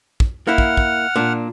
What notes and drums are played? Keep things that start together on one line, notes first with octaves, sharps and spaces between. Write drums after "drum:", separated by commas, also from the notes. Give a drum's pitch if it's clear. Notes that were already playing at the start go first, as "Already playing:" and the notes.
drum: kick
A#3 E4 F#5 F6
drum: kick
drum: kick
A#2 D4